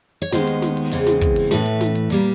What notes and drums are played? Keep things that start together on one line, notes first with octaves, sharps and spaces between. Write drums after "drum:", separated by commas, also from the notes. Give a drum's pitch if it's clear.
C#5
D#2 D#3 G#3 B3 C5, drum: snare
drum: hi-hat
drum: snare
drum: hi-hat
E2 C#3 E3 G#3 C4, drum: hi-hat
drum: snare
drum: kick, hi-hat
drum: hi-hat
A2 E3 A3 B4, drum: snare
drum: hi-hat
drum: snare
drum: hi-hat
A#2 G3 A#3, drum: hi-hat